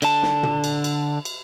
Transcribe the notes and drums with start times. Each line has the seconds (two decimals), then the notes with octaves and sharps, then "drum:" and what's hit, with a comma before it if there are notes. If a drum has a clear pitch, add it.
0.02 D3 A5, drum: cymbal
0.23 drum: snare
0.43 drum: tom
0.64 drum: cymbal
0.84 drum: cymbal
1.25 drum: cymbal